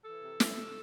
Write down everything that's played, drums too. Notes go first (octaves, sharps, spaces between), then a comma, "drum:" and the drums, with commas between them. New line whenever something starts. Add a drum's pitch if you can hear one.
E3 A4
C3
C3, drum: snare
A3